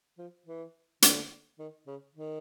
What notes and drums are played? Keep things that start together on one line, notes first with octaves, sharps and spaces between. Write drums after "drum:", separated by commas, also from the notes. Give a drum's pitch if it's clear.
F3
E3
D3, drum: hi-hat
D#3
C#3
D#3